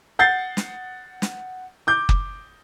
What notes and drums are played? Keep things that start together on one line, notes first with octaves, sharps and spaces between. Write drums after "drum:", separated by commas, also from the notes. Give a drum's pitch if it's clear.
F#5 G6 A6 C7
drum: snare
drum: snare
D6 G6
drum: kick F#1